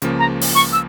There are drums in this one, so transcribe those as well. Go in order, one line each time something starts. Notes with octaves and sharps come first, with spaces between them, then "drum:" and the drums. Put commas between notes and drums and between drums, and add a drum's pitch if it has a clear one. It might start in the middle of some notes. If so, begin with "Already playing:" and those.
C#2 C#3 F3 A#3, drum: hi-hat
A#5
drum: open hi-hat
C#6
E6